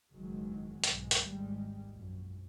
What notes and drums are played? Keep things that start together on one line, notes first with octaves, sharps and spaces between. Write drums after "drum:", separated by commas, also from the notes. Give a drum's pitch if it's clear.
F#1 E2 D#3 F#3 G#3
B1 G#2 G#3, drum: hi-hat
drum: hi-hat
G#1 D#2 G3 G#3
A#1 F#2